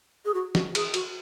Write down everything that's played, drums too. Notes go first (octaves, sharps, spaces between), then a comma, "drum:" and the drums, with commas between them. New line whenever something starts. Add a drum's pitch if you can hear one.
G#4
F#4
F#4, drum: snare
G#4, drum: cymbal
F#4, drum: cymbal